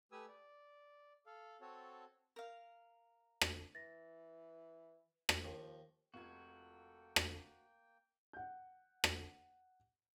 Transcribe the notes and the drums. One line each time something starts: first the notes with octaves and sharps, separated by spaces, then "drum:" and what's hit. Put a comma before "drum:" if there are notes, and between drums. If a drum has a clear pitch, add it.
A3 G4 B4 G#5 D#6 E6
D5
A4 F5
C4 F#4 A4 C#5 A5
A#4 F5
drum: rim click
E3 A6 A#6
drum: rim click
D#2 F3
F1 A#3 F4 F#4 A4 G5 G#6
drum: rim click
F#5 G6
drum: rim click